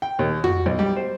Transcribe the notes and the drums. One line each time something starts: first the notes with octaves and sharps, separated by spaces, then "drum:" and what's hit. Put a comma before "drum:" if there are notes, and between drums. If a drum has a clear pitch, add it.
G5
D#2
F#4, drum: tom F2
B1
G3
C5